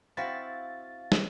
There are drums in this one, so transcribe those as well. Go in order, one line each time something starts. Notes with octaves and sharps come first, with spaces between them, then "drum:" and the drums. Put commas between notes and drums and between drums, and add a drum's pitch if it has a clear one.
C4 E4 F#4 F5 A6
drum: snare